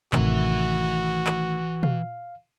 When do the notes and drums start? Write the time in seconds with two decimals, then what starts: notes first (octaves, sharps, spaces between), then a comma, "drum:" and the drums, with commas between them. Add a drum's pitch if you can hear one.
0.13 A1 C3 D#3 E3 A3 F#4 E5, drum: clap
1.27 drum: clap
1.83 F5, drum: tom